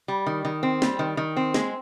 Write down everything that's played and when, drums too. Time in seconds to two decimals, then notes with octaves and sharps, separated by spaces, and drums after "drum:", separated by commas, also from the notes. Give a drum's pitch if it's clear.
0.08 G3
0.26 D#3
0.45 D#3
0.63 C4
0.82 G3, drum: snare
0.99 D#3
1.17 D#3
1.37 C4
1.54 G#3, drum: snare